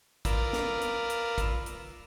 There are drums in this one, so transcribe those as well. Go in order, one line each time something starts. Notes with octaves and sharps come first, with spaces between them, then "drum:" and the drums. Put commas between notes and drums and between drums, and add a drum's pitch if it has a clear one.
F4 A#4 B4 D5 E6, drum: kick, hi-hat
drum: snare
drum: hi-hat
drum: hi-hat
drum: kick, hi-hat
drum: hi-hat